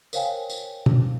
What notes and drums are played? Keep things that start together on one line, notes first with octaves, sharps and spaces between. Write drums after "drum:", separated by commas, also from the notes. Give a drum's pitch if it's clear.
A#4 C5 C#5 F5 G5 G#5, drum: tambourine
drum: tambourine
drum: tom